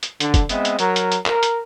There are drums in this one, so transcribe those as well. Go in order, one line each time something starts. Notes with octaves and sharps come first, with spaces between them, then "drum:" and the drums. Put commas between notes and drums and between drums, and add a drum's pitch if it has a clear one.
drum: hi-hat
D3, drum: hi-hat
drum: kick, hi-hat
G#3 B3 C4 D#5 E5, drum: hi-hat
drum: hi-hat
F#3 A#4, drum: hi-hat
drum: hi-hat
drum: hi-hat
A#4, drum: clap
drum: hi-hat